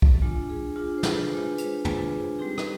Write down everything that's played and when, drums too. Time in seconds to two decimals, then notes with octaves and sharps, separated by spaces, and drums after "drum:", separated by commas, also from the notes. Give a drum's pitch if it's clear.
0.02 drum: kick
0.22 G#3 D4 F4
0.49 G#4
0.76 G#3 D4 F4 G#4
0.98 C5
1.03 B4, drum: snare
1.31 G#3 D4 F4 C5
1.49 G#4
1.58 B4, drum: hi-hat
1.85 G#3 D4 F4 G#4, drum: tom
2.39 G3 C4 D#4 G4
2.58 B4, drum: rim click